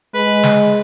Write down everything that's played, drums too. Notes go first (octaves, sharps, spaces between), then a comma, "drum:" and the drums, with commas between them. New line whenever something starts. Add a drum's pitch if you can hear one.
G#3 B4
drum: snare